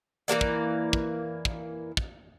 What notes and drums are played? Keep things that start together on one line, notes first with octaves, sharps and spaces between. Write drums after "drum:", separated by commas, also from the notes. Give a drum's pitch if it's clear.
E3 F#3 A#3 D5
drum: kick
drum: kick
drum: kick
drum: kick